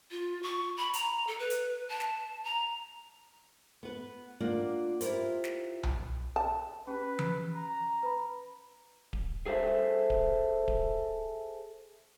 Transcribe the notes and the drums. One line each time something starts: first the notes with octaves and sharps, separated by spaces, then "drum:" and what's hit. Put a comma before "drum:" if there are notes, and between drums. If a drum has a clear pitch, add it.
F4
C#6
B5
A#5, drum: hi-hat
A4
B4
drum: hi-hat
A5
drum: snare
A#5
B3 B4
A#3 D4 F4 D5 F#5
E4 F4 G4 A#4 C5, drum: hi-hat
drum: snare
drum: tom B1
A5
C#4 G4 G#4 B4
drum: tom E3
A#5
B4 B5
drum: kick D1
G#4 A4 C5 E5
drum: kick D1
drum: kick D1